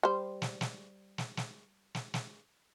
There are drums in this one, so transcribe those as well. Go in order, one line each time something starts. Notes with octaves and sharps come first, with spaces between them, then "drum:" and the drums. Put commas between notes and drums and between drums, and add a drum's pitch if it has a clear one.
G3 C5
drum: snare
drum: snare
drum: snare
drum: snare
drum: snare
drum: snare